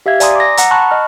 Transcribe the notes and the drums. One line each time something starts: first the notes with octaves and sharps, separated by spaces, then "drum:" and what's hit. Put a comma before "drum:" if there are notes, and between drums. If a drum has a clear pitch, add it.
G4 E5 F5 G#6
D5 G#5 A#5 C6 D#6, drum: hi-hat
D6 A#6
F#5 A#5 E6, drum: hi-hat
A5 B5 C#6 F#6
D#5 F6